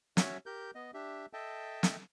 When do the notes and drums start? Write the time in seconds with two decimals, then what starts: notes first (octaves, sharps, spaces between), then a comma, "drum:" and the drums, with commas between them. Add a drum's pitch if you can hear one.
0.17 C#4 F#4 C#5 E5, drum: snare
0.46 G4 A#4 G6
0.75 B3 D#5
0.94 D4 G4 E5
1.33 A4 D#5 E5 G5 A5
1.83 drum: snare